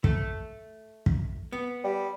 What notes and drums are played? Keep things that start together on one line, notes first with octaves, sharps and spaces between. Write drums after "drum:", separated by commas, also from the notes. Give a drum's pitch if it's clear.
A3, drum: kick
drum: kick
B3
G3